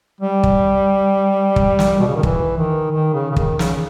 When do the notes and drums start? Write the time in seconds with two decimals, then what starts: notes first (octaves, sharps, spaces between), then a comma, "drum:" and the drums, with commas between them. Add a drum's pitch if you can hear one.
0.21 G3
0.43 drum: kick
1.56 drum: kick
1.79 drum: snare
1.99 B2
2.07 C#3
2.16 D#3
2.23 E3, drum: kick
2.58 D#3
2.91 D#3
3.14 C#3
3.31 C#3
3.36 D#3, drum: kick
3.59 C#3, drum: snare